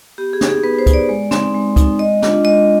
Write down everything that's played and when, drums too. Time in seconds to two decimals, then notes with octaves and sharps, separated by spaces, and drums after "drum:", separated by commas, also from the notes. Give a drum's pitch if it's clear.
0.18 B3 G4
0.33 G#4
0.41 D#4, drum: snare
0.49 G#4
0.64 B3 B4
0.79 C5
0.86 D#4, drum: kick, hi-hat
0.93 D5
1.09 G#3
1.31 C4 D#4, drum: snare
1.54 G#3
1.76 C4 D#4, drum: kick, hi-hat
1.99 G#3 D#5
2.22 D4 F4, drum: snare
2.44 G#3 D#5